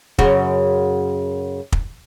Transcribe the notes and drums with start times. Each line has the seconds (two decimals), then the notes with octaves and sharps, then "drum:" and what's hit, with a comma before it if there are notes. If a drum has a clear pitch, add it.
0.19 F#2 C#3 F#4, drum: kick
1.72 drum: kick